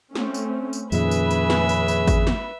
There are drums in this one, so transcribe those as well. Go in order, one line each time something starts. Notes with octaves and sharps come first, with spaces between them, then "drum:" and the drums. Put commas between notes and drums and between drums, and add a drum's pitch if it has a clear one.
A3 C4 C#4, drum: snare
drum: tambourine
drum: tambourine
F2 A#2 D#3 C#4 G#4 B4 E5, drum: tambourine
drum: tambourine
drum: tambourine
drum: snare
drum: tambourine
drum: tambourine
drum: kick G#1, tambourine
drum: snare